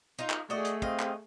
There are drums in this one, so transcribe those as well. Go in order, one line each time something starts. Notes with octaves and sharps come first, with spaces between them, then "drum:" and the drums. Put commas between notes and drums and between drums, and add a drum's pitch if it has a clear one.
D#4 F4
drum: clap
A3 F#4 G#4 D5 D#5
drum: hi-hat
C4 G4 D#5 F5, drum: kick
drum: clap